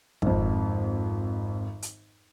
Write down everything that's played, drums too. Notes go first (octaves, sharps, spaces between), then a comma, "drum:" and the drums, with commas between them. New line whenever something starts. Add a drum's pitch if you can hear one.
G#1 F2, drum: kick
drum: hi-hat